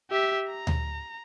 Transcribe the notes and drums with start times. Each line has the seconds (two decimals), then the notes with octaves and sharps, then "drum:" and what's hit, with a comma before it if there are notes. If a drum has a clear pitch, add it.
0.10 G4 E5
0.49 A#5
0.67 drum: tom D2